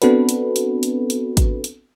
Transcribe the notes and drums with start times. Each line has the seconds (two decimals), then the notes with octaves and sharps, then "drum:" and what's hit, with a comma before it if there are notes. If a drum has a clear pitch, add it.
0.02 B3 C4 D4 F#4 A4 B4, drum: hi-hat
0.29 drum: hi-hat
0.56 drum: hi-hat
0.83 drum: hi-hat
1.10 drum: hi-hat
1.37 drum: kick G#1, hi-hat
1.64 drum: hi-hat